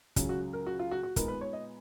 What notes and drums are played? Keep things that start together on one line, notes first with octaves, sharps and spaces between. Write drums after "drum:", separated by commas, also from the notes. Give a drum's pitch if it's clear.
C#2 C#3 F#3 C#4, drum: kick, hi-hat
F#4
A#4
F#4
F4
F#4
F#4
A#2 G#3 B3 D#4 A#4, drum: kick, hi-hat
B4
C#5
D#5